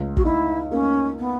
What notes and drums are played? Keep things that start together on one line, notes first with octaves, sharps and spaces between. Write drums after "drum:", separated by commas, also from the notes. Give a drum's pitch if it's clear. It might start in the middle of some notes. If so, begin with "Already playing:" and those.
Already playing: C#2
F#4, drum: kick
D#4 E4
A#3 C#4
B3